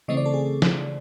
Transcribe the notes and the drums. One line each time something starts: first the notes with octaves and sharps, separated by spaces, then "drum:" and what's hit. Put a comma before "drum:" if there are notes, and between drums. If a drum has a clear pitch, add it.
C#3 E3 A3 C4 D#5
D5
A4
G#4
drum: snare